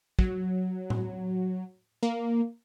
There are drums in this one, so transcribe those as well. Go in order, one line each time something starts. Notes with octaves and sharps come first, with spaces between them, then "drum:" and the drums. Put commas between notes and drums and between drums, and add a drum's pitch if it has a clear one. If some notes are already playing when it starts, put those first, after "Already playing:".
F#3, drum: kick
drum: tom A2
A#3